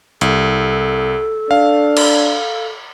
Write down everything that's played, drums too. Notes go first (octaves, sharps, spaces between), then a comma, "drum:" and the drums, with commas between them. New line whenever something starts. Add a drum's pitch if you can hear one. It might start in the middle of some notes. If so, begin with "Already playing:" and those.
C2 A4, drum: hi-hat
D4 F5
drum: cymbal